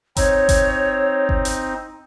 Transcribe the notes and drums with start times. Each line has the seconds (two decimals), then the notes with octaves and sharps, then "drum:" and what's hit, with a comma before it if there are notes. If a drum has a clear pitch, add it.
0.17 C4 D#4 C#5, drum: kick G1, hi-hat
0.49 drum: kick G1, hi-hat
1.29 drum: kick G1
1.45 drum: hi-hat